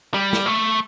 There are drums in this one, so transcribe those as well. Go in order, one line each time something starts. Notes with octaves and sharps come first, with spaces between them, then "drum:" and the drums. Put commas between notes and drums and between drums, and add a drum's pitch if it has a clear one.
G3
drum: snare
A3